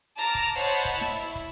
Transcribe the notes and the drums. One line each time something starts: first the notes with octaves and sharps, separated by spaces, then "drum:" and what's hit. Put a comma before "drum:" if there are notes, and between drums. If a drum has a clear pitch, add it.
A5 A#5 D6 F6, drum: open hi-hat
drum: kick, hi-hat
C5 C#5 D#5 F#5 A5 B5
drum: kick, hi-hat
E4, drum: snare
drum: open hi-hat
drum: kick, hi-hat